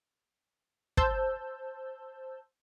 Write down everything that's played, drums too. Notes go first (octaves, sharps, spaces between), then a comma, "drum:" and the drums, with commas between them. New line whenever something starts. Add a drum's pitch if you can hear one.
C5 A5 E6 G6, drum: kick